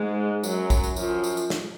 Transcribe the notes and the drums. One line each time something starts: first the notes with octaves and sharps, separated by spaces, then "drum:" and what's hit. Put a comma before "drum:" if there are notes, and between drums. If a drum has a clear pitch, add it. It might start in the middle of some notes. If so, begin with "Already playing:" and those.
Already playing: G#2 G#3
F#2 F#3, drum: tambourine
drum: kick, tambourine
drum: tambourine
F#2 F3, drum: tambourine
drum: tambourine
drum: tambourine
drum: snare